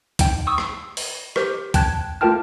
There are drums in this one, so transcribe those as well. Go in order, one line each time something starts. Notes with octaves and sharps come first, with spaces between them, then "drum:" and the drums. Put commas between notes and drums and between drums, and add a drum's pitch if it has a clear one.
D#4 G5, drum: kick C2, hi-hat
C#6 D#6 E6
drum: rim click
drum: open hi-hat
G4 A#4 C5, drum: rim click
G5 A5 F#6 G#6, drum: kick C2, hi-hat
A3 F4 A#4 G5 A5 F6